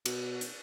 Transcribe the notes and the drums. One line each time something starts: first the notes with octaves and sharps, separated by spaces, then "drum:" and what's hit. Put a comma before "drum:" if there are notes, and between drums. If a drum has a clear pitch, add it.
B2, drum: cymbal
drum: hi-hat